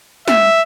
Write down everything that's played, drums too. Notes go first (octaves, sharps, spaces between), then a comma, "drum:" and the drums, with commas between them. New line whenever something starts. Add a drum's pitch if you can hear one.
E5, drum: snare